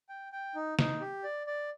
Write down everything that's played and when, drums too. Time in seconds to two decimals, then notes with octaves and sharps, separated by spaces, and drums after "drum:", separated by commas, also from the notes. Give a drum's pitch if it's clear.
0.09 G5
0.32 G5
0.55 D#4
0.79 D#4, drum: snare
1.01 G4
1.24 D5
1.47 D5